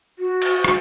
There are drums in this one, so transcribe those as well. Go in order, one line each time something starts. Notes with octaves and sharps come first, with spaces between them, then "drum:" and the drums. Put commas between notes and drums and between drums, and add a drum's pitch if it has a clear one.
F#4
drum: cymbal
drum: rim click